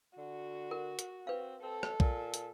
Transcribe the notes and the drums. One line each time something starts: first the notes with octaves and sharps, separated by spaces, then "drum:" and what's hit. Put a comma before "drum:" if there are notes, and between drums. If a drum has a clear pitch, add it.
D3 F#4
A#4
drum: hi-hat
C4 B4 F5
C4 A4
drum: rim click
A#2, drum: kick
drum: hi-hat